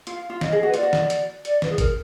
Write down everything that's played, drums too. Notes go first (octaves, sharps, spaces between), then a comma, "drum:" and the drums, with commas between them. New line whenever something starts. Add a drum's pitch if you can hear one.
F4 F5, drum: hi-hat
F4
D#5, drum: snare
G#4
F#4 B4
F4 D5, drum: hi-hat
F#4
drum: snare
drum: hi-hat
D5, drum: hi-hat
B4, drum: snare
G#4
A#4, drum: kick, hi-hat